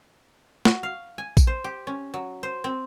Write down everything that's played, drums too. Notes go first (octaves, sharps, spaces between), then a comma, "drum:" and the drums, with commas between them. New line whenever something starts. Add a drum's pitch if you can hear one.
F#4, drum: snare
F5
G#5
drum: kick A#1, tambourine
C5
G4
C#4
F#3
C5
C4